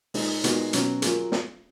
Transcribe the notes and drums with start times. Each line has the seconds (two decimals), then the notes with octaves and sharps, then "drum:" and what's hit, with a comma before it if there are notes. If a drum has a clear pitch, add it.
0.14 A#2 G#3 D#4, drum: open hi-hat
0.44 A#2 G#3 B3 D#4 F#4, drum: hi-hat
0.73 B2 F#3 C#4 F#4 B4, drum: hi-hat
1.02 F#3 A#3 F4 G#4, drum: hi-hat
1.32 drum: snare